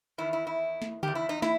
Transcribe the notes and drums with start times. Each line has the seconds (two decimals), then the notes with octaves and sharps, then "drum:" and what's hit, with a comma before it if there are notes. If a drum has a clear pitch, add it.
0.18 E2 D#3 E4
0.33 E4
0.47 E4
0.82 drum: snare
1.03 E2 D#3 G4, drum: tom C#3
1.15 E4
1.29 D#4
1.42 E4, drum: snare